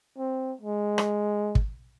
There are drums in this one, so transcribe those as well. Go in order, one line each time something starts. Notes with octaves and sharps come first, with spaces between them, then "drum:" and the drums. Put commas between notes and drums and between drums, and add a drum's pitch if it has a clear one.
C4
G#3
drum: rim click
drum: kick